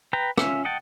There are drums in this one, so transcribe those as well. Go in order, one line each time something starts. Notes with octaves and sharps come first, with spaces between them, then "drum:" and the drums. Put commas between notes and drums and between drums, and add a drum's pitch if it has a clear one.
B4 G5 A#5
C#4 F4 E5, drum: rim click
D#5 F#5 G5 A5